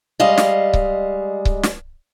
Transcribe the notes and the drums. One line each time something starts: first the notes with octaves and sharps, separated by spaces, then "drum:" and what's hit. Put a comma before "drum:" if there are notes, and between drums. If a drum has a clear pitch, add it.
G3 G#3 D#5 F5
drum: snare
drum: kick C#1
drum: kick C#1
drum: snare